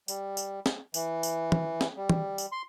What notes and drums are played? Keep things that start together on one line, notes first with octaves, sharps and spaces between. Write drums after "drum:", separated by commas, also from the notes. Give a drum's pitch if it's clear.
G3, drum: tambourine
drum: tambourine
drum: snare
E3, drum: tambourine
drum: tambourine
drum: tom
drum: snare
G3
drum: tom
drum: tambourine
C6